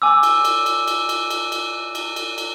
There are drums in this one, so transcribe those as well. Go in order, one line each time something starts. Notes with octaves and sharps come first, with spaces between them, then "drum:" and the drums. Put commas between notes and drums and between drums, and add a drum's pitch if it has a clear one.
G#5 D6 E6
drum: cymbal
drum: cymbal
drum: cymbal
drum: cymbal
drum: cymbal
drum: cymbal
drum: cymbal
drum: cymbal
drum: cymbal
drum: cymbal